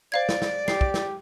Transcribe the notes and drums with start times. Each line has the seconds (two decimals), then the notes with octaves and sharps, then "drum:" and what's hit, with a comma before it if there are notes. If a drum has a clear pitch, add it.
0.12 C5 D5 F5 G#6
0.29 drum: snare
0.42 drum: snare
0.68 G4 C7, drum: snare
0.81 drum: kick
0.94 drum: snare